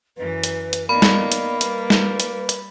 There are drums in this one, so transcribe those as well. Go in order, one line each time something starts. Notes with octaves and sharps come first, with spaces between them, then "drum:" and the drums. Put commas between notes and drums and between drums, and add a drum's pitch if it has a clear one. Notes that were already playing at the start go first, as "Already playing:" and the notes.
F#2 E3 B4
drum: hi-hat
drum: hi-hat
A#3 B3 D#4 D5 B5
drum: snare
drum: hi-hat
G3 B4, drum: hi-hat
drum: snare
drum: hi-hat
drum: hi-hat